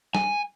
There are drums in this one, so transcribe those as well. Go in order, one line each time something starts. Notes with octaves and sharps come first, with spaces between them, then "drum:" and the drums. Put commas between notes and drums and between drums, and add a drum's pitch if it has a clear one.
G#5, drum: snare